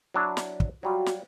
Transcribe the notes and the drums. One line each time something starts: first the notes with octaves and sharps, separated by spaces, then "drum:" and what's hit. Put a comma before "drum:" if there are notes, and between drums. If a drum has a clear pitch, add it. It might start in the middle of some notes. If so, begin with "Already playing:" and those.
F#3 D4 E4
drum: snare
drum: kick
F#3 G3 F4 F#4
drum: snare